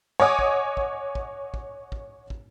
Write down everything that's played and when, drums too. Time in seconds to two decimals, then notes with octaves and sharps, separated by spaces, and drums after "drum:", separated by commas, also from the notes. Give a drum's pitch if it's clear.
0.20 C#5 D#5 F#5 G#5 D6 D#6
0.39 drum: kick
0.77 drum: kick
1.15 drum: kick
1.54 drum: kick
1.92 drum: kick
2.30 drum: kick